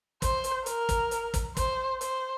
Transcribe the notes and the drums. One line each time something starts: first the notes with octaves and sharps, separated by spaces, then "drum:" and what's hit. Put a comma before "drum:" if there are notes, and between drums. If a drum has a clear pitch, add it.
C5, drum: kick, hi-hat
drum: hi-hat
A#4, drum: hi-hat
drum: kick, hi-hat
drum: hi-hat
drum: kick, hi-hat
C5, drum: kick, hi-hat
C5, drum: hi-hat